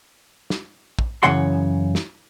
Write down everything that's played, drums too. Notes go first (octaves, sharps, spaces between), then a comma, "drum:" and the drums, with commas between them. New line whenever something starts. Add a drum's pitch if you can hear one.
drum: snare
drum: kick
F#2 C#3 E3 C#5 F#5 C6
drum: snare